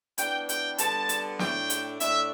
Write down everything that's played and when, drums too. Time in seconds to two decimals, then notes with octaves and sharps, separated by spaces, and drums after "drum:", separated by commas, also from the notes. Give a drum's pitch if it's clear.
0.18 E3 B3 D4 G5, drum: hi-hat
0.49 G5, drum: hi-hat
0.78 D3 G3 B3 A5, drum: hi-hat
1.09 drum: hi-hat
1.39 A2 A3 D4 G5, drum: snare
1.70 drum: hi-hat
2.00 A2 A3 D4 E5, drum: hi-hat